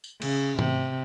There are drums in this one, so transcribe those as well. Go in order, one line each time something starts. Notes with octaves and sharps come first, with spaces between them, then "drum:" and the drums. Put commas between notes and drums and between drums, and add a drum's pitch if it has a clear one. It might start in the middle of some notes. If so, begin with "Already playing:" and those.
drum: tambourine
C#3, drum: cymbal
C3, drum: tom